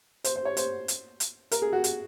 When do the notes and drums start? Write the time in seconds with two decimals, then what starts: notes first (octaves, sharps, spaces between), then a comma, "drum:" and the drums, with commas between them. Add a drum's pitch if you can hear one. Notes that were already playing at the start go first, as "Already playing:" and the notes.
0.24 C5, drum: hi-hat
0.36 C5
0.45 C#5
0.57 C5, drum: hi-hat
0.88 drum: hi-hat
1.20 drum: hi-hat
1.52 A#4, drum: hi-hat
1.62 G#4
1.73 F#4
1.84 drum: hi-hat